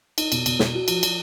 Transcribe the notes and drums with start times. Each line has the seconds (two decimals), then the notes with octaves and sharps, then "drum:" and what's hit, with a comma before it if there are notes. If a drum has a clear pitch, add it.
0.18 D#4, drum: cymbal
0.32 B2, drum: cymbal
0.46 B2, drum: cymbal
0.59 B2, drum: snare
0.75 F#4
0.88 F3, drum: cymbal
1.03 F3, drum: cymbal